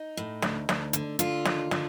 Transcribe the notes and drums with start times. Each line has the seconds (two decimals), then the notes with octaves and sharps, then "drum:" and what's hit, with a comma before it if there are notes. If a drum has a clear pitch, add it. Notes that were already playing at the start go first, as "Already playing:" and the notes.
Already playing: D#4
0.17 A2
0.42 D2, drum: snare
0.69 D2, drum: snare
0.93 D3, drum: hi-hat
1.19 D3 F4, drum: hi-hat
1.45 D#2, drum: snare
1.71 D3, drum: snare